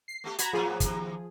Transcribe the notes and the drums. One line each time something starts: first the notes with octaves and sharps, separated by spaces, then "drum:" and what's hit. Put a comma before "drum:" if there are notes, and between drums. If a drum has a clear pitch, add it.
C7
A3 B3 G4
F#4 A#5 B5 G#6, drum: hi-hat
A2 F3 F#3 B3 G#4
D#2 C3, drum: kick, hi-hat